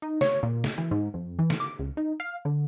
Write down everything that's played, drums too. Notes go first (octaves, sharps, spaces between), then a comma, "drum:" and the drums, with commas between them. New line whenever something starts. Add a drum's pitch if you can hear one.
D#4
C#5, drum: snare
A#2
drum: snare
E3
G#2
F2
E3
drum: snare
D6
C#2
D#4
F5
D3